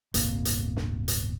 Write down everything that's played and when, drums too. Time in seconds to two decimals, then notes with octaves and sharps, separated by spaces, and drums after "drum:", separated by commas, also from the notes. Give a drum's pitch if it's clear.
0.14 D1 G1 C3 A#3, drum: hi-hat
0.45 drum: hi-hat
0.77 drum: snare
1.08 drum: hi-hat